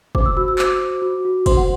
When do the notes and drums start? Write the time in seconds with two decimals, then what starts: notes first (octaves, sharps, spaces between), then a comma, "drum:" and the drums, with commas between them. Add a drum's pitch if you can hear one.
0.15 C5 D6, drum: kick
0.26 E6
0.37 F#4 E6
0.48 E6
0.58 C5 D6, drum: clap
0.81 F#4
1.02 F#4
1.25 F#4
1.46 C5 C6, drum: kick, cymbal
1.57 F#5